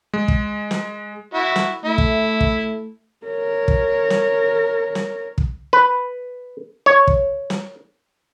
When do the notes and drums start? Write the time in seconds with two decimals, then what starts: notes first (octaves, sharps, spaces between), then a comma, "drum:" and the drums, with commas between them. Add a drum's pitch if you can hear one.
0.14 G#3
0.28 drum: kick
0.71 drum: snare
1.34 E4 F#4
1.56 drum: snare
1.85 A3 E4
1.98 drum: kick
2.40 drum: kick
3.26 A#4 C#5
3.68 drum: kick
4.10 drum: snare
4.95 drum: snare
5.38 drum: kick
5.73 B4
6.86 C#5
7.07 drum: kick
7.50 drum: snare